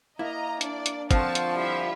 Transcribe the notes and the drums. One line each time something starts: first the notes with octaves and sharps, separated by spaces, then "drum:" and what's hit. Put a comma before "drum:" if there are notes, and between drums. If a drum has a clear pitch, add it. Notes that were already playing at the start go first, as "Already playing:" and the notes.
A#3 E4 D#5 A#5
D4 D5, drum: hi-hat
drum: hi-hat
D3 F3 C4 F4 F#5 A5 C#6, drum: kick, hi-hat
drum: hi-hat
G3 E4 F4 E5